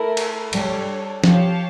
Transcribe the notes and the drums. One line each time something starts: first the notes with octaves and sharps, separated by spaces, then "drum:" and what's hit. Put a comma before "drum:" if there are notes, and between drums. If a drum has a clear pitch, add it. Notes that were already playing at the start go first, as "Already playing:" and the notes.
Already playing: A3 E4 A#4
drum: cymbal
G3 D4 A4 C#5, drum: cymbal
F3 G4 C#5 F5 A5, drum: snare